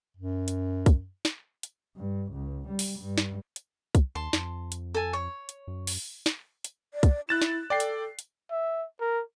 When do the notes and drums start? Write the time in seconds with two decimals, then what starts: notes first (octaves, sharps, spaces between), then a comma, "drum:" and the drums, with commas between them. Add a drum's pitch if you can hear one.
0.17 F#2
0.48 drum: hi-hat
0.86 drum: kick, hi-hat
1.25 drum: snare
1.63 drum: hi-hat
1.97 G2
2.32 C#2
2.68 G3
2.79 drum: open hi-hat
2.99 G2
3.18 drum: snare
3.56 drum: hi-hat
3.95 drum: kick, hi-hat
4.15 D#2 A5 C6
4.33 F2, drum: snare
4.72 drum: hi-hat
4.94 A4 G#5
5.13 C#5
5.49 drum: hi-hat
5.68 F#2
5.87 drum: open hi-hat
6.26 drum: snare
6.64 drum: hi-hat
6.94 D5
7.03 drum: kick, hi-hat
7.29 E4 F#6 A6 E7
7.42 drum: snare
7.70 A4 D5 G5 C7
7.80 drum: hi-hat
8.19 drum: hi-hat
8.51 E5
9.00 A#4